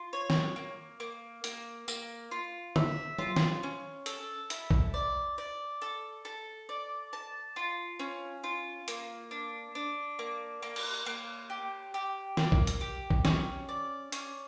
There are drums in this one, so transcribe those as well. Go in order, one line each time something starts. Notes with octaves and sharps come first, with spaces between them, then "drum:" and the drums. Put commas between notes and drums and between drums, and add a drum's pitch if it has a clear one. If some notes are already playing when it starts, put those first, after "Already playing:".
Already playing: F4
C#5
drum: snare
A#3
A#3
A#3, drum: hi-hat
A#3, drum: tambourine
F4
E5, drum: tom
F4, drum: tom F#3
drum: snare
C#4
A4, drum: hi-hat
E4, drum: hi-hat
drum: kick A#1
D5
D5
A4
A4
D5
A5
F4
C#4
F4
A#3, drum: hi-hat
D4
D4
A#3
A#3
drum: cymbal
A#3
G4
G4
A#3, drum: snare
drum: kick A#1
drum: hi-hat
G4
drum: kick A#1
C#4, drum: snare
D5
C#4, drum: hi-hat